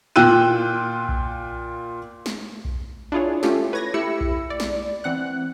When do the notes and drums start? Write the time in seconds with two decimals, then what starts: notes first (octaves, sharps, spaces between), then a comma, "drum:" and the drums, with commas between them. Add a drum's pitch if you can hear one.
0.16 A#2 F4 G5 E6 F#6 D#7
1.09 drum: kick B1
2.26 drum: snare
2.65 drum: kick B1
3.12 D4 E4 F4 G#4 C#5
3.43 A3 C#4 F4 G4 A4, drum: snare
3.73 B4 C#5 G#6 A#6
3.94 A3 E4 G4 B5 E6 C#7
4.21 drum: kick B1
4.50 D5
4.60 drum: snare
5.04 E3 C4 F#5 F#6